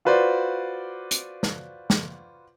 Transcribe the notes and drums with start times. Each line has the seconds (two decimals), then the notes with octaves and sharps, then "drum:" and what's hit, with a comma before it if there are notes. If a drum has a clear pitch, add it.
0.05 F4 F#4 B4 C5 D5
1.11 drum: hi-hat
1.43 drum: snare
1.90 drum: snare